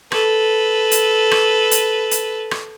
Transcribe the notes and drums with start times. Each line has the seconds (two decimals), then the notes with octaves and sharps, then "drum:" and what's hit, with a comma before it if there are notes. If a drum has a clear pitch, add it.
0.12 A4 B4, drum: rim click
0.91 drum: hi-hat
1.31 drum: rim click
1.71 drum: hi-hat
2.11 drum: hi-hat
2.51 drum: rim click